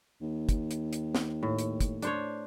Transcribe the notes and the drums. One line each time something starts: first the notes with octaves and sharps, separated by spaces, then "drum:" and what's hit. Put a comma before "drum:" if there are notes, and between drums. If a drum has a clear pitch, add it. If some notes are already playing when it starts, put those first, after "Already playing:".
D#2
drum: kick, hi-hat
drum: hi-hat
drum: hi-hat
drum: snare
A2
drum: hi-hat
drum: kick, hi-hat
D4 C5 C#5, drum: hi-hat